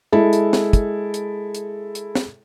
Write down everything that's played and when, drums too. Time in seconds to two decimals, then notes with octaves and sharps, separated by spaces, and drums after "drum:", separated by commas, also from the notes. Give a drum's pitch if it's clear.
0.12 G#3 E4 A4
0.33 drum: hi-hat
0.53 drum: snare
0.73 drum: kick, hi-hat
1.14 drum: hi-hat
1.55 drum: hi-hat
1.95 drum: hi-hat
2.15 drum: snare